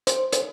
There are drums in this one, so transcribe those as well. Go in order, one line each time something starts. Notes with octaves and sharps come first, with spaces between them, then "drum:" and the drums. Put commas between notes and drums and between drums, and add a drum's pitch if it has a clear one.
C5, drum: hi-hat
drum: hi-hat